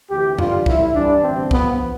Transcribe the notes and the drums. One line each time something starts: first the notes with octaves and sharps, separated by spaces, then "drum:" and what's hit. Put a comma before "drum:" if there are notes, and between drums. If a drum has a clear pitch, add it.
D2 C3 E3 G4
G2 D3 G3 F4, drum: tom E2
A1 A2 G3 E4, drum: kick C2
G2 E3 G3 D4
A1 G2 D3 G3 C4
A1 G2 F3 B3, drum: kick C2